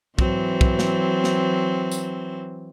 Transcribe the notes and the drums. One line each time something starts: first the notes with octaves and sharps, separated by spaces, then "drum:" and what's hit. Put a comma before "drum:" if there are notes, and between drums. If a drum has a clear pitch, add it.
E3 F#3 C4, drum: kick
drum: kick
drum: snare
drum: snare
drum: tambourine